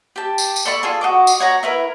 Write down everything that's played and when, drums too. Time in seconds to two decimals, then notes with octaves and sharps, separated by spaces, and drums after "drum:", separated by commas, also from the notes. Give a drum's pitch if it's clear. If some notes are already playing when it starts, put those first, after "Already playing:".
0.16 G4 A5
0.38 drum: tambourine
0.56 drum: tambourine
0.65 A4 D5 B5 C#6
0.83 F4 G#4 A4
1.01 F#4 D#5 D6
1.27 drum: tambourine
1.40 C#5 F#5 A#5
1.63 E4 A#4 B4